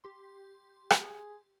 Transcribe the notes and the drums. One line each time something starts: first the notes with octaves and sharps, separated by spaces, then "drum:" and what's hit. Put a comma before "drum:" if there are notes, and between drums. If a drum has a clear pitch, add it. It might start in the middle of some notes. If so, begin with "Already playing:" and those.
G4 C6
drum: rim click
G#4